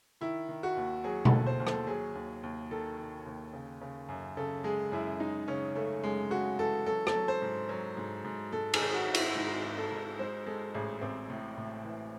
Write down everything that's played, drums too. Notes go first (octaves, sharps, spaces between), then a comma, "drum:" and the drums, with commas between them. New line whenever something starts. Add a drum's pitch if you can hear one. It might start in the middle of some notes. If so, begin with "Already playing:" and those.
D#3 E4
D#3
F#4
D#2
F#3 G#4
A4, drum: tom B2
D#2
C5
D#2
A4, drum: rim click
F#3 G#4
D#2
D#2
D#3 A4
D#3
D#2
C#3
C#3
F#2
C#3 A4
G#3 G#4
F#2 E4
G#3 D#4
C#3 C#4
C#3 A3
F#2 G#3
C#3 F#4
E3 A4
F#3 A4
A4, drum: rim click
F#3
C5
G#2
F#3
G#2
G#2
G#2 A4
G#4, drum: cymbal
D#3
F#4
G#1
E4, drum: cymbal
E4
G#2 D#4
G#1
A4
G#2
G#3 C5
G#3 A4
A1 G#4
A1 C4
A2
A2
E3